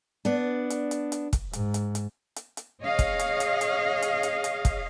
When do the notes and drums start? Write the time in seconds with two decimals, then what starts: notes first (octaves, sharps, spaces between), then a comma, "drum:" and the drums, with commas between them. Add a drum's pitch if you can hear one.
0.25 B3 D4
0.70 drum: hi-hat
0.91 drum: hi-hat
1.12 drum: hi-hat
1.33 drum: kick, hi-hat
1.53 G#2, drum: hi-hat
1.74 drum: hi-hat
1.95 drum: hi-hat
2.36 drum: hi-hat
2.57 drum: hi-hat
2.82 G#4 C#5 D#5 F5
2.99 drum: kick, hi-hat
3.19 drum: hi-hat
3.40 drum: hi-hat
3.61 drum: hi-hat
4.02 drum: hi-hat
4.23 drum: hi-hat
4.44 drum: hi-hat
4.65 drum: kick, hi-hat